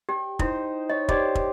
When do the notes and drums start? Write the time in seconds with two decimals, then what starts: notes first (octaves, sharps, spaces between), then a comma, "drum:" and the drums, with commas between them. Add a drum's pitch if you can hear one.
0.09 G4 G5
0.39 D#4 E4 C5, drum: kick
0.89 C#5 D#5
1.09 G4 C5 D5 D#5 D6, drum: kick
1.35 drum: kick